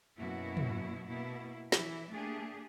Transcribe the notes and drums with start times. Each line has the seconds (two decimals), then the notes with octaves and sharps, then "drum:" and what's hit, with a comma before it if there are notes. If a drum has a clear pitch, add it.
0.18 F#2 B2 A#3 E4 F#4
0.57 drum: tom
1.06 B2 A#3 E4
1.72 E3 E4 E5, drum: snare
2.11 A3 A#3 D4 G4 G#4